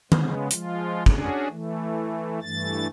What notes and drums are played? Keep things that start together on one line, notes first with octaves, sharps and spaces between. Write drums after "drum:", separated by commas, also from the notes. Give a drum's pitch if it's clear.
C#3 G#3 B3, drum: tom D#3
F3 G#3 F4, drum: hi-hat
C#4 D4 F#4 G#4, drum: kick
E3 A3
G2 E3 A3 A6